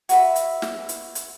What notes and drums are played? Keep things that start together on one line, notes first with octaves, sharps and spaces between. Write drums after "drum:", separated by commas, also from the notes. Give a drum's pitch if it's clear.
F#4 B4 E5, drum: hi-hat
drum: hi-hat
drum: snare
drum: hi-hat
drum: hi-hat